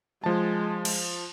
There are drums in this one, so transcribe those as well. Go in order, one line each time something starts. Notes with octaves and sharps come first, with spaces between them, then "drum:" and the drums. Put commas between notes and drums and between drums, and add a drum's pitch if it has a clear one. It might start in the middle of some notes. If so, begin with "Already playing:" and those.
F3 G#3 A5
drum: cymbal